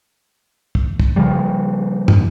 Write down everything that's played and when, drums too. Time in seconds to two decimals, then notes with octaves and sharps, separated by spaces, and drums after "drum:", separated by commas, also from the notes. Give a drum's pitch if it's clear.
0.75 drum: kick
1.00 drum: kick
1.16 C#3 F3 G3
2.08 drum: tom